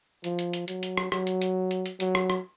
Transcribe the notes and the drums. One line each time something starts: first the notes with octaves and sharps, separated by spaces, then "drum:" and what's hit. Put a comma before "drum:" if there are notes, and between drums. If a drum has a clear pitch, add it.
F3, drum: hi-hat
drum: hi-hat
drum: hi-hat
F#3, drum: hi-hat
drum: hi-hat
drum: rim click
F#3, drum: rim click
drum: hi-hat
drum: hi-hat
drum: hi-hat
drum: hi-hat
F#3, drum: hi-hat
drum: rim click
drum: rim click